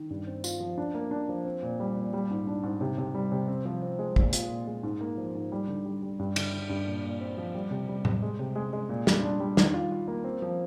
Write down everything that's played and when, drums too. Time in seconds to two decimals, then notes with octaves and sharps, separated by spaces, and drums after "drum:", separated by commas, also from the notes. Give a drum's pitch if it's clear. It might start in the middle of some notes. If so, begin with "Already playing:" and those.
Already playing: D#3
0.10 G2
0.27 C4
0.44 F4, drum: tambourine
0.60 F3
0.78 D4
0.95 A#3
1.11 D4
1.29 F3
1.45 C4
1.63 A#2
1.80 G3
1.97 A#2
2.13 G3
2.30 G#2
2.47 D4
2.63 G#2
2.81 C3
2.98 C3
3.15 G3
3.32 C3
3.48 C4
3.65 F3
3.82 C4
3.99 G#3
4.16 A#2, drum: kick
4.33 F4, drum: hi-hat
4.50 A#2
4.67 G#3
4.83 G#2
5.01 A#3
5.18 F3
5.35 G#2
5.52 G3
5.68 D3
5.85 G3
6.02 G3
6.19 G2
6.36 D3, drum: cymbal
6.53 D3
6.69 G2
6.86 A#2
7.04 A#2
7.21 C4
7.37 F3
7.54 G3
7.71 C3
7.89 G3
8.05 C3, drum: tom
8.22 G#3
8.39 C3
8.56 G#3
8.73 G#3
8.89 A#2
9.07 G3, drum: snare
9.24 D4
9.40 G3
9.57 D#3, drum: snare
9.74 F4
9.92 F4
10.08 A#3
10.24 C4
10.42 F3